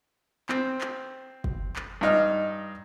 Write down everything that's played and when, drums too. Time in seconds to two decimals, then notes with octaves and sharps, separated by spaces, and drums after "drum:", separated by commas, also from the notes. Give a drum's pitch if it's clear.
0.49 C4, drum: clap
0.81 drum: clap
1.44 drum: kick
1.76 drum: clap
2.01 G2 D#4 F6